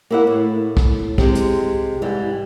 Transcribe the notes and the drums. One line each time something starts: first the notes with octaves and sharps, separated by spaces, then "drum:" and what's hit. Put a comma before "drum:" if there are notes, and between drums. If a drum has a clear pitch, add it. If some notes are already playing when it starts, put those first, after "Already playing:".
A#3 E4 F#5
A2
drum: kick
C3 G#3, drum: kick
drum: hi-hat
G#2 E3 G3